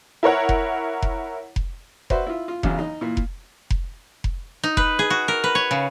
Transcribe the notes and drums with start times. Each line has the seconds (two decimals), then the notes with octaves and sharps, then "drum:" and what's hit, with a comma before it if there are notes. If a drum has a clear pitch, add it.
0.23 E4 A#4 C#5 F#5
0.49 drum: kick F1
1.02 drum: kick F1
1.56 drum: kick F1
2.10 F#4 B4 C5 D5 E5, drum: kick F1
2.26 E4 F4
2.48 F4
2.63 A1 E2 C#3 F#3 F5, drum: kick F1
2.79 D#4
3.01 A#2 E3
3.17 drum: kick F1
3.70 drum: kick F1
4.24 drum: kick F1
4.64 D#4
4.77 B4, drum: kick F1
4.99 G#4
5.10 F#4
5.28 A#4
5.44 B4
5.55 C#5
5.71 C#3